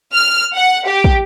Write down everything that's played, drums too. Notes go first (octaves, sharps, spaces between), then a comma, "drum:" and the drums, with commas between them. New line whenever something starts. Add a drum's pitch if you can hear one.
F6
F#5
G4
drum: kick